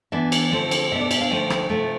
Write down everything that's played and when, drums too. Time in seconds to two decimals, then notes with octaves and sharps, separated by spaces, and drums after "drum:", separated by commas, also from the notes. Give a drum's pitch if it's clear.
0.12 E3 B3 D4 E5
0.32 drum: cymbal
0.52 D3 F3 A3 C4
0.71 drum: cymbal
0.92 B2 B3 D4 E5
1.01 D5
1.11 E5, drum: cymbal
1.21 F5
1.31 D3 F3 A3 G5
1.50 drum: rim click
1.70 C3 F3 A3